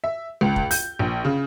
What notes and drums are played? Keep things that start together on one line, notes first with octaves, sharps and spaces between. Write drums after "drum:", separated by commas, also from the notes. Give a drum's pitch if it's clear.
E5
C#2
drum: kick
G6, drum: open hi-hat
A#1
C#3